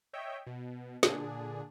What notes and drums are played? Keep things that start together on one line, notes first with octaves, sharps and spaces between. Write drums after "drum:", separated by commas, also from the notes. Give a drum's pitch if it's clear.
C#5 D#5 E5 G5
B2
A#2 D3 D4 G#4, drum: snare